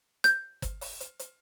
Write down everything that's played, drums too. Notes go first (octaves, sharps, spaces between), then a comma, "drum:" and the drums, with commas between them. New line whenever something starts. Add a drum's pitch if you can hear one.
G6, drum: hi-hat
drum: kick, hi-hat
drum: open hi-hat
drum: hi-hat
drum: hi-hat